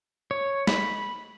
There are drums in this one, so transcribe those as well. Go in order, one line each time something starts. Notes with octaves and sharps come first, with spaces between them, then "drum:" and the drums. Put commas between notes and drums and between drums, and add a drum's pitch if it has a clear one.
C#5
B5, drum: snare